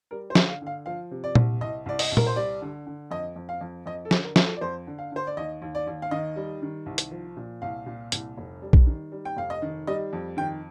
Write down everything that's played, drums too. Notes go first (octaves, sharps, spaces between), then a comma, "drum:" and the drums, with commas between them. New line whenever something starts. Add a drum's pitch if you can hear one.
G3 A#4
C5
D3, drum: snare
F5
D3
F5
F3 F5
C3
D5
C2, drum: tom A#2
C2 D#5
C2 D5
D#5, drum: open hi-hat
C2
A#4, drum: tom A#2
C5
G3 D5
D3
D3
F2 D#5
F2
F5
F2
F2 D#5
A4
D3, drum: snare
A#4
F3, drum: snare
A4
D5
F2 C5
D3
F5
D3 C5
D5
D#2 D#5
D#2
D5
D#2
F5
D#3 D#5
G3
D#3
C2
drum: hi-hat
F3
A#2
C2 F5
A#2
C2, drum: hi-hat
F1
G3
drum: kick A#1
D#3
G3
G5
F1 F5
D#5
D#3
G3 D#5
F2
D#3 G5